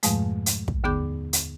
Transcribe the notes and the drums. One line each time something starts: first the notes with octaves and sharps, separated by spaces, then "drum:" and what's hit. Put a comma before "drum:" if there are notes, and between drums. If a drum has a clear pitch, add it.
F2 G#2 B2 F3 G#3 A3, drum: hi-hat
drum: hi-hat
drum: kick
D#2 D3 B3 G#4 D6 G6
drum: hi-hat